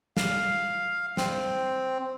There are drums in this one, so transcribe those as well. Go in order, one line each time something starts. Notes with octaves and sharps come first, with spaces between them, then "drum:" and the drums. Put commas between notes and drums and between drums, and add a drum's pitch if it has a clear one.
F5, drum: snare
C4, drum: snare